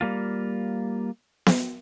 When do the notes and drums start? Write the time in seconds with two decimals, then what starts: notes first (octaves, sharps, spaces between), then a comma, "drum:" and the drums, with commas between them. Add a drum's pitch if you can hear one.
0.01 G3 A#3 F4
1.46 drum: snare B3